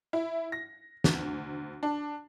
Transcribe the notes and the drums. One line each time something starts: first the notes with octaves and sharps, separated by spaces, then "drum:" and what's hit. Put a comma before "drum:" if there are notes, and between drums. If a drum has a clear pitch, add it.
E4
A#6
D2, drum: snare
D4